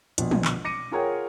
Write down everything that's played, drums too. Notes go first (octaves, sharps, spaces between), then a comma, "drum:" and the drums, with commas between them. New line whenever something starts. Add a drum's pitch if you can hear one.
A#1 B2, drum: hi-hat
drum: tom
drum: clap
D6 A#6 C#7 D#7
F4 G#4 A#4 C#5 F#5 G5